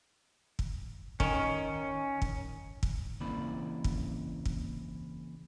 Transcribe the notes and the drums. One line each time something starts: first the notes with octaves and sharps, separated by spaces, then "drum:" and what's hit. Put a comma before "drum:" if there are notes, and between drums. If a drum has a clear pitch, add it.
drum: kick
D#3 C#4, drum: kick
drum: kick
drum: kick
C#3 E3 A#3 C4 D5 B5
drum: kick
drum: kick